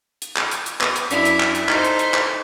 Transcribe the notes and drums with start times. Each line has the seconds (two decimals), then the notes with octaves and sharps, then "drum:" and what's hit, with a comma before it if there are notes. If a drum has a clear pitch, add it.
0.22 drum: hi-hat
0.37 drum: clap
0.51 drum: hi-hat
0.66 drum: hi-hat
0.81 B3, drum: clap
0.96 drum: hi-hat
1.11 F#2 D4 E4 B6, drum: hi-hat
1.25 drum: hi-hat
1.40 drum: clap
1.55 drum: hi-hat
1.69 D#4 A4 C5, drum: clap
1.84 drum: hi-hat
1.99 drum: hi-hat
2.14 drum: clap